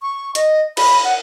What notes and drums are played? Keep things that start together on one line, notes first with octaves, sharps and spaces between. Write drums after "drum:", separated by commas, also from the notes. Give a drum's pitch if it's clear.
C#6
D#5, drum: hi-hat
B5, drum: cymbal
F#5